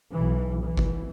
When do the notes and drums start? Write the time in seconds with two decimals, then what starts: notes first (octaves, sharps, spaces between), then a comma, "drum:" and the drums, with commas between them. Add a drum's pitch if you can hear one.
0.13 B1 E3
0.64 E3
0.77 drum: kick G1